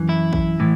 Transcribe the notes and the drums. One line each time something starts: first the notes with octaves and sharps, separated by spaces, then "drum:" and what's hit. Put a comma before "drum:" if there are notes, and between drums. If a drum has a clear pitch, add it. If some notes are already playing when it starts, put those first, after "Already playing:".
Already playing: F#2 E3
E4
drum: kick A1
A2 E3